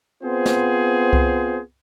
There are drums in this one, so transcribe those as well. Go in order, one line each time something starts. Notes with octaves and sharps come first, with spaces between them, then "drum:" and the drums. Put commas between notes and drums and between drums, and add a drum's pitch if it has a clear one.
B3 C4 F4 G#4 C5
drum: snare
drum: kick C2